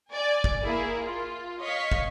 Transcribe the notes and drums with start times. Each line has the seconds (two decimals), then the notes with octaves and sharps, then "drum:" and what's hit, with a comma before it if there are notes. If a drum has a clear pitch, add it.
0.14 D5 G#5
0.44 drum: kick
0.63 A#3 E4 G#4
1.05 F4
1.62 C#5 D#5 F5 C#6 B6
1.92 drum: kick